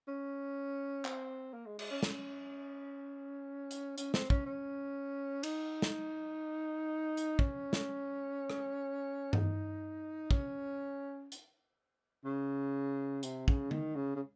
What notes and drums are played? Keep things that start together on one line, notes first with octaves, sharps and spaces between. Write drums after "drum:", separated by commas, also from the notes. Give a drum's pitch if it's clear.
C#4
C4, drum: clap
A#3
G#3
G#3, drum: cymbal
C#4
C#4, drum: snare
drum: hi-hat
C#4, drum: hi-hat
C4, drum: snare
C#4, drum: kick
C#4
D#4, drum: cymbal
drum: snare
drum: hi-hat
C#4, drum: kick
drum: snare
drum: rim click
D#4, drum: tom G2
C#4, drum: kick
drum: hi-hat
C#3
C3, drum: hi-hat
C#3, drum: kick
D#3, drum: tom D3
C#3
C#3